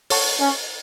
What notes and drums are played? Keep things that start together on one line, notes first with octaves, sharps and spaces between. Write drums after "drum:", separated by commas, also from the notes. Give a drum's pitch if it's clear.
A4 C#5 F#5 A5 C#6, drum: open hi-hat
C#4